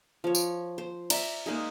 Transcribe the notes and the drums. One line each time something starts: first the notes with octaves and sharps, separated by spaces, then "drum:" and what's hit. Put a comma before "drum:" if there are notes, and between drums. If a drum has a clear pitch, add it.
F3 C#5
drum: tambourine
C5
D5 E5 A#5, drum: cymbal
G#3 A#3 D#4 G#4